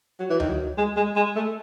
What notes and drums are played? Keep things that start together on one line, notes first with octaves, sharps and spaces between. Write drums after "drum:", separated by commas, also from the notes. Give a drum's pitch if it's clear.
F#3
E3
D#3, drum: tom D2
F#3
G#3
G#3
G#3
A3